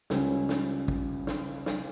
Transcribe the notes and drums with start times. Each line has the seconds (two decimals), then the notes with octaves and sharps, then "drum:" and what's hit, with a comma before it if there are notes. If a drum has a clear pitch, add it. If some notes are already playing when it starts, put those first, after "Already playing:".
0.10 C#2 G3 C#4, drum: snare
0.49 drum: snare
0.88 drum: kick
1.27 drum: snare
1.66 drum: snare